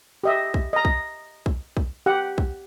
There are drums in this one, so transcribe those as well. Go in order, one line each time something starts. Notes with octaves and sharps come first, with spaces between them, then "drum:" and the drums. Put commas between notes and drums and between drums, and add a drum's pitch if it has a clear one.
G4 D#5 E5
drum: kick
D#5 A#5
drum: kick
drum: kick
drum: kick
G4 F#5
drum: kick